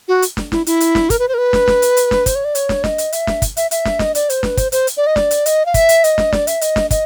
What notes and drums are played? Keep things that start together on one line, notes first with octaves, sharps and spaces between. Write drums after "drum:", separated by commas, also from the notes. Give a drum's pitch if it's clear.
F#4
drum: hi-hat
drum: snare
E4, drum: snare
E4, drum: hi-hat
drum: hi-hat
drum: snare
A#4, drum: kick, hi-hat
B4
C5
A#4
B4
drum: snare
drum: snare
drum: hi-hat
drum: hi-hat
drum: snare
C5, drum: kick, hi-hat
C#5
D5
C#5, drum: hi-hat
drum: snare
D#5, drum: snare
drum: hi-hat
E5, drum: hi-hat
drum: snare
drum: kick, hi-hat
E5, drum: hi-hat
E5, drum: hi-hat
drum: snare
D#5, drum: snare
D5, drum: hi-hat
C5, drum: hi-hat
B4, drum: snare
C5, drum: kick, hi-hat
C5, drum: hi-hat
drum: hi-hat
D5
D#5
D5, drum: snare
drum: hi-hat
D#5, drum: hi-hat
F5
E5, drum: kick, hi-hat
drum: hi-hat
D#5, drum: hi-hat
drum: snare
D5, drum: snare
E5, drum: hi-hat
D#5, drum: hi-hat
drum: snare
D#5, drum: kick, hi-hat